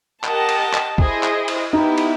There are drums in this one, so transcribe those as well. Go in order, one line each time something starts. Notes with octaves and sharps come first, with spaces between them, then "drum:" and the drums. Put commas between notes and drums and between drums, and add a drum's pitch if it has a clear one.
G4 A#4 D#5 F#5 A5, drum: clap
drum: cymbal
drum: clap
E4 G#4 C5 D#5, drum: kick
drum: clap
drum: cymbal
B3 D#4 E4 G4
drum: cymbal